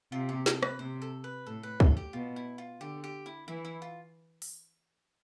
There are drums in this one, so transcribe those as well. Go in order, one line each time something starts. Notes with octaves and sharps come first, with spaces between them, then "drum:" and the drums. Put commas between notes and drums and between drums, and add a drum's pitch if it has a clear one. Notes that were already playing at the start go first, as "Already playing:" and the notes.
C3 F4
G4
A4, drum: snare
B4, drum: rim click
C3 C5
A4
B4
A2 A4
B4
A4, drum: kick
G4
B2 F4
E4
F4
D3 G4
G4
E4
E3 E4
E4
F4
drum: open hi-hat